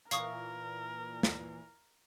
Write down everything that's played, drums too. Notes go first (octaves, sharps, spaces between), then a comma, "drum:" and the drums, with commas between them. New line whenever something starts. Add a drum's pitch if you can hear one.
A#2 E3 A#4 F5 C#6 D#6, drum: hi-hat
drum: snare